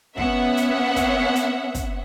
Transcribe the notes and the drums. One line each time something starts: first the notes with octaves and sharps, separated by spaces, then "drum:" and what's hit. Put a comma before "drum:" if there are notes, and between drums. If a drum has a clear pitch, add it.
B3 C#4 E5 F#5, drum: kick
drum: hi-hat
drum: kick, hi-hat
drum: hi-hat
drum: kick, hi-hat